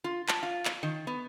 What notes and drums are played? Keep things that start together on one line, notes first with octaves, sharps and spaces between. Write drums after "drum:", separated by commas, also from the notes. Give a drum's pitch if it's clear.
F4
A5, drum: clap
F4
drum: clap
D#3
B3